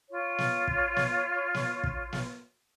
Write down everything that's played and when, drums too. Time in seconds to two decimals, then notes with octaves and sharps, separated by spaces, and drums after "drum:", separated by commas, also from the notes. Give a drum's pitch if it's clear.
0.09 F4 C#5
0.38 drum: snare
0.67 drum: kick
0.96 drum: snare
1.54 drum: snare
1.84 drum: kick
2.13 drum: snare